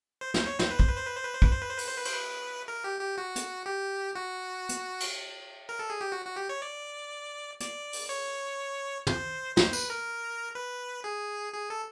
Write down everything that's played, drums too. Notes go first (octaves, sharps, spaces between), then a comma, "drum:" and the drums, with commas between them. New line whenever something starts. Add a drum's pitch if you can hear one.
C5
C5, drum: snare
C#5
C5, drum: snare
B4
C5, drum: kick
B4
C5
B4
C5
B4
C5
B4, drum: kick
C5
B4
C5
B4, drum: open hi-hat
C5
B4
C5, drum: cymbal
B4
A#4
G4
G4
F#4
drum: hi-hat
G4
F#4
drum: hi-hat
drum: cymbal
A#4
A4
G#4
G4
F#4
F#4
G4
C#5
D5
D5, drum: hi-hat
drum: open hi-hat
C#5
C5, drum: tom
C5, drum: snare
B4, drum: tambourine
A#4
B4
G#4
G#4
A4